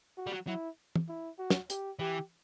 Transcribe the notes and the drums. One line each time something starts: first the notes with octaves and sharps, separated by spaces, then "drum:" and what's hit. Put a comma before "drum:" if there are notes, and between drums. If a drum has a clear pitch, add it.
F#4
G3
F#3
F#3 E4
drum: tom
E4
F#4
drum: snare
G4, drum: hi-hat
E3 G4